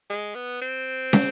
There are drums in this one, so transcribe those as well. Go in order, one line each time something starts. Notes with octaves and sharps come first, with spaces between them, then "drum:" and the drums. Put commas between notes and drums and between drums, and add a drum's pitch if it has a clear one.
G#3
B3
C4
drum: snare